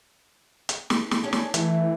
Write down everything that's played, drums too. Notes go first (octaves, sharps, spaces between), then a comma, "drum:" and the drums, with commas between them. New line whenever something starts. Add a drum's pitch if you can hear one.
drum: hi-hat
drum: snare
drum: snare
C#4 D4 G#4
drum: snare
E3 A3, drum: hi-hat